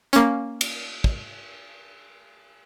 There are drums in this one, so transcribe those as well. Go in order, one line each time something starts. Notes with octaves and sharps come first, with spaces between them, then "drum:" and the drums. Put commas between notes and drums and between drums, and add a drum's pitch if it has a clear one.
A#3 C#4, drum: hi-hat
drum: cymbal
drum: kick